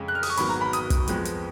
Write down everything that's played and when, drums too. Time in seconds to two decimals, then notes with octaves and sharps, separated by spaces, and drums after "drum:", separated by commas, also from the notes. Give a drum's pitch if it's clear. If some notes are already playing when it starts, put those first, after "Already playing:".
Already playing: F2 C#3 G#3
0.08 F#6
0.15 F6
0.23 D#6, drum: open hi-hat
0.30 C#6
0.37 G#1 G#2 F#3 B3 B5, drum: hi-hat
0.49 A#5
0.61 B5
0.73 D#6, drum: hi-hat
0.90 drum: kick, hi-hat
1.08 F2 F3 G#3 B3, drum: hi-hat
1.25 drum: hi-hat